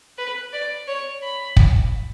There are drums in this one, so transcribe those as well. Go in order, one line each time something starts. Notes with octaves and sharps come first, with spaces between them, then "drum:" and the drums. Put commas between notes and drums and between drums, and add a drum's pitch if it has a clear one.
B4
D5
C#5
B5
drum: kick